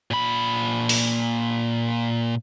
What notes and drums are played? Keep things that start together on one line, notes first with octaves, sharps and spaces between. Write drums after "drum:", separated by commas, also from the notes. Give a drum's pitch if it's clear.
A#2 B5
drum: open hi-hat